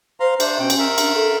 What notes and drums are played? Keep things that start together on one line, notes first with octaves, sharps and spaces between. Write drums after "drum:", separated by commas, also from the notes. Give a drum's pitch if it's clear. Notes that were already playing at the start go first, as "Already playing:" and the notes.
C5 F5 A#5 C6
D4 C5 E5, drum: cymbal
B2 C#4 G5
drum: cymbal
A#4 E5
D4, drum: cymbal
A4